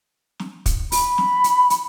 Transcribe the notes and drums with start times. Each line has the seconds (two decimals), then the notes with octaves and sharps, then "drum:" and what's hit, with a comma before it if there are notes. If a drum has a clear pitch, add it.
0.40 drum: snare
0.66 drum: kick, hi-hat
0.92 B5, drum: open hi-hat
1.18 drum: snare
1.44 drum: hi-hat
1.70 drum: hi-hat